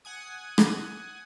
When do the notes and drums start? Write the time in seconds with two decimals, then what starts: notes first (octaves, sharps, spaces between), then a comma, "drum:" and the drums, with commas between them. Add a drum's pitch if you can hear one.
0.05 F#5 G#5 D#6
0.58 drum: rim click